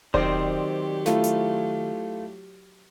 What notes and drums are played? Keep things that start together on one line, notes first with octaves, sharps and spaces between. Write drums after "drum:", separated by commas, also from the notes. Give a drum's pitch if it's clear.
D#3 F#3 C4 G4 C5 D5, drum: kick E1
A3 E4 F4, drum: snare
drum: hi-hat